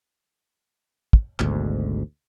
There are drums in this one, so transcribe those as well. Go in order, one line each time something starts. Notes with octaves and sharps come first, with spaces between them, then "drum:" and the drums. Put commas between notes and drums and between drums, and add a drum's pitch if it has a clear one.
drum: kick
G#1 D2 G#2 B2, drum: clap